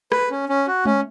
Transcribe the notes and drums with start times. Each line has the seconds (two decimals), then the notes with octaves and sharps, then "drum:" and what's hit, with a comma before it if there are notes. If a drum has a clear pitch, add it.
0.12 B4, drum: rim click
0.31 C#4
0.49 C#4
0.67 F#4
0.86 C#4, drum: tom G#3